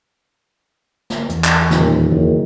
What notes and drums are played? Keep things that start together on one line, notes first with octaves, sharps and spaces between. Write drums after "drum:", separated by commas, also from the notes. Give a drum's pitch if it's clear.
drum: snare
E2, drum: hi-hat
drum: clap
D#1 D#3, drum: snare
F#1